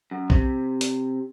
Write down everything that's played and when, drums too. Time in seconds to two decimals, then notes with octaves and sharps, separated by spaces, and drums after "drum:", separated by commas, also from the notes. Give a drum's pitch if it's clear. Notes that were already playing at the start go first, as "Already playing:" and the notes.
0.11 F#2
0.30 C3, drum: kick
0.81 drum: hi-hat